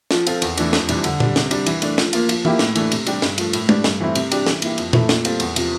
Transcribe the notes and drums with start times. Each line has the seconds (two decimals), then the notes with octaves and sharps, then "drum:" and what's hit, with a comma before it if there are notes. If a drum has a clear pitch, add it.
0.11 F3, drum: snare
0.27 C4 F4 A4, drum: cymbal
0.42 E2, drum: cymbal
0.57 E3 A3 D4, drum: cymbal
0.73 F2, drum: snare
0.89 C3 E3 G3 D4, drum: cymbal
1.04 D3, drum: cymbal
1.20 G3 D4, drum: tom A#2
1.36 C3, drum: snare
1.51 G3 D4, drum: cymbal
1.66 E3, drum: cymbal
1.82 A3 D4, drum: cymbal
1.98 F3, drum: snare
2.13 A#3 F4, drum: cymbal
2.29 F3, drum: cymbal
2.45 A#3 E4 G4, drum: tom E3
2.59 A2, drum: snare
2.75 E3 A3 D4, drum: cymbal
2.92 C3, drum: cymbal
3.06 G3 D4 G4, drum: cymbal
3.22 G2, drum: snare
3.38 F3 A3, drum: cymbal
3.53 A2, drum: cymbal
3.69 G3 D4, drum: tom
3.84 G2, drum: snare
4.00 E3 A3 C4 E4
4.15 C3, drum: cymbal
4.31 G3 D4 G4, drum: cymbal
4.47 E3, drum: snare
4.62 A#3 E4 G4, drum: cymbal
4.78 F2, drum: cymbal
4.93 E3 A3 E4 A4, drum: tom A#2
5.09 A#2, drum: snare
5.25 G3 C4 F4 A4, drum: cymbal
5.40 E2, drum: cymbal
5.56 C3 F3, drum: cymbal